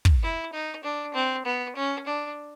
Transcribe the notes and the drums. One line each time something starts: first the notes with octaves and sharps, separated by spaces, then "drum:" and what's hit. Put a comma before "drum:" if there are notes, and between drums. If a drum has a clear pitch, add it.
drum: kick
E4
D#4
D4
C4
B3
C#4
D4